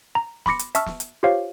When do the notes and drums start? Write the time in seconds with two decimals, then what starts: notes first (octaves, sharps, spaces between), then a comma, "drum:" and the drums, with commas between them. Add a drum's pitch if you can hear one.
0.15 A#5
0.46 B5 C6 D6 A#6 C#7, drum: snare
0.59 drum: hi-hat
0.75 E5 A5 C#6 E6 F6, drum: hi-hat
0.86 drum: snare
1.00 drum: hi-hat
1.23 F4 G4 C5 C#5 F5